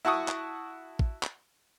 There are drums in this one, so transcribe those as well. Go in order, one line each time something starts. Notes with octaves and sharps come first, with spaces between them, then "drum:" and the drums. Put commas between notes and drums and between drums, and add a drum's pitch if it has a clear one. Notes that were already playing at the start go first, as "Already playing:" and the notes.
E4 F#4 A5 C#6 D#6
drum: clap
drum: kick
drum: clap